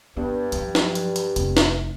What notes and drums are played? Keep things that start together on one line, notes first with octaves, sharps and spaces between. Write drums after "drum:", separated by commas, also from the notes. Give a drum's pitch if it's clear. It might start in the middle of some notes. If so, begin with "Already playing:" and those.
G2 B3
F3 F#3, drum: hi-hat
drum: snare
drum: hi-hat
drum: hi-hat
F1 C4, drum: hi-hat
drum: snare